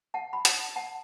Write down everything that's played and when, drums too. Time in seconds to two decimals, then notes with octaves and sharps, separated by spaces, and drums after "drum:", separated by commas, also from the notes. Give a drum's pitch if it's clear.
0.14 F#5 A5
0.33 B5
0.45 F#5 A5, drum: hi-hat
0.76 F#5 A5